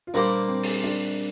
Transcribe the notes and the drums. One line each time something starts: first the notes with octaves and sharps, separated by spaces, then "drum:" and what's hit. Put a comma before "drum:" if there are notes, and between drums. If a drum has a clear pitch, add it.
F4
A#2 G3 A#3 D4 G4 C5
C4
drum: open hi-hat
D4